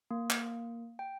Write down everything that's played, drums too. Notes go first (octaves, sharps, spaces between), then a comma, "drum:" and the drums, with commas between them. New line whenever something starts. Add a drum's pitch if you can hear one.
A#3
drum: clap
G5